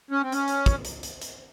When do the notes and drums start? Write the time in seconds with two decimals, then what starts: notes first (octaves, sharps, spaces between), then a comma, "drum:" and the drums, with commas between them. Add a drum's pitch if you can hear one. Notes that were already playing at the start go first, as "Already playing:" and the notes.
0.11 C#4
0.22 C4
0.32 C#4, drum: hi-hat
0.48 drum: hi-hat
0.66 drum: kick, hi-hat
0.85 drum: hi-hat
1.03 drum: hi-hat
1.22 drum: hi-hat